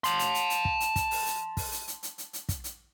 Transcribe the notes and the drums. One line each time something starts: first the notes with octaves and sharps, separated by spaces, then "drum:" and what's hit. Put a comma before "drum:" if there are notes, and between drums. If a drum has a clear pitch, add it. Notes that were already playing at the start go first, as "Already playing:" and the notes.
A5 C6, drum: hi-hat
drum: hi-hat
drum: hi-hat
drum: hi-hat
drum: kick
drum: hi-hat
drum: kick, hi-hat
drum: open hi-hat
drum: hi-hat
drum: kick, open hi-hat
drum: hi-hat
drum: hi-hat
drum: hi-hat
drum: hi-hat
drum: hi-hat
drum: kick, hi-hat
drum: hi-hat